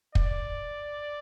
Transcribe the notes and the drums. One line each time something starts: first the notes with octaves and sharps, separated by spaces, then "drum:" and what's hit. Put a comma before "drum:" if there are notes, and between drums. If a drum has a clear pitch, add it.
D5, drum: kick